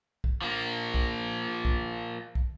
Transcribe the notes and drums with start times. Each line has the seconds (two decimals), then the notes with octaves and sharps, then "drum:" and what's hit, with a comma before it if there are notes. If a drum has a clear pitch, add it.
0.24 drum: kick
0.42 F3 A#3
0.94 drum: kick
1.65 drum: kick
2.35 drum: kick